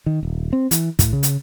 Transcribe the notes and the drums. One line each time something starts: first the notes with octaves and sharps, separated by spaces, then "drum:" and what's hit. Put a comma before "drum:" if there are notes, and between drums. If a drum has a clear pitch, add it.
D#3
D#1
C4
E3, drum: hi-hat
A2, drum: kick, hi-hat
C#3
drum: hi-hat